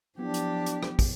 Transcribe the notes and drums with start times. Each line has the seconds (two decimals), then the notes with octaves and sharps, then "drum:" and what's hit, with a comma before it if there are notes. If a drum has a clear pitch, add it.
0.18 F3 F#3 B3 D4 E4 G4
0.34 drum: hi-hat
0.66 drum: hi-hat
0.83 drum: rim click
0.99 drum: kick, open hi-hat